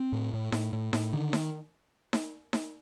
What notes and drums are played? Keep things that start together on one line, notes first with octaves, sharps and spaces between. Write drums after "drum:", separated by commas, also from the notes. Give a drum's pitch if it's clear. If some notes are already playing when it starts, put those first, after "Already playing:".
Already playing: C4
A2
A2
A2, drum: snare D#4
A2
A2, drum: snare D#4
D3 D#3
drum: snare D#4
drum: snare D#4
drum: snare D#4